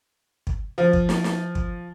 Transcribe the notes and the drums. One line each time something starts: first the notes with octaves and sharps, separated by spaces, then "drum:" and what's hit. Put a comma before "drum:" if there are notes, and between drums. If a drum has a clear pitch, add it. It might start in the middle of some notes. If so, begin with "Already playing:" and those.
drum: kick
F3
drum: kick
drum: snare
drum: snare
drum: kick